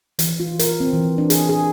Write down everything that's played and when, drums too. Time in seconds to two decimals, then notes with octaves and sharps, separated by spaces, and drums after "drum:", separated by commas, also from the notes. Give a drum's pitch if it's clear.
0.19 E3, drum: hi-hat
0.40 F4
0.59 A#4, drum: hi-hat
0.80 C4
0.93 E3
1.18 D4
1.30 G#4, drum: hi-hat
1.49 G#4